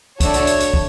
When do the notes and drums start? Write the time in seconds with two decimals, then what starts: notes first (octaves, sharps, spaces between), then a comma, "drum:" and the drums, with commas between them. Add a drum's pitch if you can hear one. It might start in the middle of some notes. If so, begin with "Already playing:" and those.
0.20 A3 D4 F#4 A4 C#5, drum: kick, hi-hat
0.34 drum: hi-hat
0.47 drum: hi-hat
0.60 drum: hi-hat
0.74 drum: kick